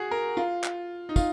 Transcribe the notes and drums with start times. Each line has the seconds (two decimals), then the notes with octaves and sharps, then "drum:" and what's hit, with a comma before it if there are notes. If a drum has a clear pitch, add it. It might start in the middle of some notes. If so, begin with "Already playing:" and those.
Already playing: F#4 G#4
0.11 A#4
0.37 F4
0.64 drum: clap
1.09 D#4
1.16 F4, drum: kick, tambourine